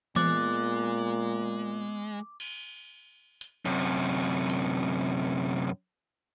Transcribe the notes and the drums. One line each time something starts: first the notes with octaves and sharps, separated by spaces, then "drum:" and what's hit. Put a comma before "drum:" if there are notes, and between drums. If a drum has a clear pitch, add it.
A#2 G#3 B3 D6 F#6 A6, drum: tom E3
drum: cymbal
drum: hi-hat
F#2 C3, drum: hi-hat
drum: hi-hat